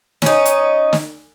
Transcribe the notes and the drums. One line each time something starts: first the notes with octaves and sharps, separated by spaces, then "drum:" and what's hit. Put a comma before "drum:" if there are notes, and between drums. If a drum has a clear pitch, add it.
C#4 D#4, drum: snare
drum: hi-hat
drum: snare